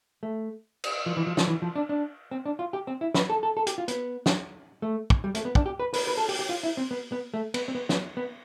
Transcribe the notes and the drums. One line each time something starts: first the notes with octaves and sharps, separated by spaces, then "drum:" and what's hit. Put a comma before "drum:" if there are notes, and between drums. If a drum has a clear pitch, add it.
A3
drum: cymbal
F3
E3
F3
F3, drum: snare
E3
F3
D4
D4
C4
D4
F4
G4
C4
E4
B4, drum: snare
A4
A4
A4
G4, drum: hi-hat
F4
B3, drum: hi-hat
drum: snare
A3
drum: kick
G3
A3, drum: hi-hat
B3
D4, drum: kick
G4
B4
B4, drum: open hi-hat
B4
A4
G4, drum: open hi-hat
G4
F4
E4
C4
B3
B3
A3
B3, drum: cymbal
C4
B3
B3, drum: snare
B3